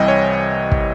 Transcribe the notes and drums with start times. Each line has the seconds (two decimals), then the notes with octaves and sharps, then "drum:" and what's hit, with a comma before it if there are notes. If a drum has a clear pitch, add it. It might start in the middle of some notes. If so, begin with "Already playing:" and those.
Already playing: C2 C3 E3 G3 D#5 G5 G#5
0.08 C#5
0.72 drum: kick